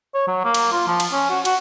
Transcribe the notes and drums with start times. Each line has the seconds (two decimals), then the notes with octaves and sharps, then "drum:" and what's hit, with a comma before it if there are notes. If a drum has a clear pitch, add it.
0.14 C#5
0.27 F#3
0.44 A#3
0.54 drum: cymbal
0.72 F4
0.88 F3
1.00 drum: cymbal
1.12 C#4
1.30 F#4
1.45 F#4, drum: cymbal